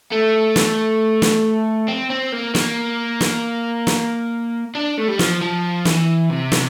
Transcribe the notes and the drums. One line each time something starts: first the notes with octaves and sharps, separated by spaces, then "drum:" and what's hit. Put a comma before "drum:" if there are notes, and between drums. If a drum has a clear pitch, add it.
A3
drum: snare
drum: snare
C4
C4
A#3
A#3, drum: snare
drum: snare
drum: snare
D4
A3
G3
F3, drum: snare
F3
E3, drum: snare
C3
drum: snare